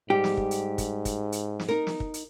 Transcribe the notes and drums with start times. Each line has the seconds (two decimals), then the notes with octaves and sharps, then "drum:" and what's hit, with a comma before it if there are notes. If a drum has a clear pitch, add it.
0.10 G#2 G3 G4
0.24 drum: snare
0.37 drum: kick
0.51 drum: hi-hat
0.78 drum: kick, hi-hat
1.05 drum: kick, hi-hat
1.32 drum: hi-hat
1.59 drum: snare
1.69 D#4 A#4
1.87 drum: snare
2.00 drum: kick
2.14 drum: hi-hat